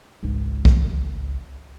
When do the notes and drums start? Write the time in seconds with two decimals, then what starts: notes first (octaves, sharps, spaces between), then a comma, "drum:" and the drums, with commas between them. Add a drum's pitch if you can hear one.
0.23 G#1 C#2
0.65 drum: kick B1